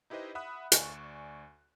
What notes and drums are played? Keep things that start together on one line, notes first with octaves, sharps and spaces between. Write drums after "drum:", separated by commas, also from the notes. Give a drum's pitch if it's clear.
D#4 E4 G4 B4 C5 D#5
E5 F#5 B5 D#6 F#6
D2 D5 G#5 C#6 E7, drum: hi-hat